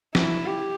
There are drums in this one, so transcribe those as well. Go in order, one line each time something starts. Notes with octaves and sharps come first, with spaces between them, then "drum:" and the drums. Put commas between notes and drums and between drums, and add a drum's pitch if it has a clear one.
E4, drum: snare
G4